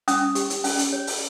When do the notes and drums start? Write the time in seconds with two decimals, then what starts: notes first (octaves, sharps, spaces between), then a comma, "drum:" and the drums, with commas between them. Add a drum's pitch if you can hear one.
0.08 C#4 D#6, drum: hi-hat
0.35 G4, drum: hi-hat
0.50 drum: hi-hat
0.64 C#4, drum: open hi-hat
0.79 drum: hi-hat
0.93 C#5
1.07 drum: open hi-hat